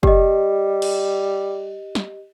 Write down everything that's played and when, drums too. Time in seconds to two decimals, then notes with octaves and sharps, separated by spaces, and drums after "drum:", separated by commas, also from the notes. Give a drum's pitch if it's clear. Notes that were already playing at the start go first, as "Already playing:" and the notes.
0.03 G3 G4 D#5, drum: kick
0.82 drum: cymbal
1.95 drum: snare